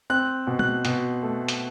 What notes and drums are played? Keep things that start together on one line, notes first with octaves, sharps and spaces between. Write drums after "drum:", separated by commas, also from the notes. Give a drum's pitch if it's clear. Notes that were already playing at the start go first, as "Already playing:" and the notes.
C4 F#6
B2
F#6, drum: tom
B2, drum: hi-hat
A3
drum: hi-hat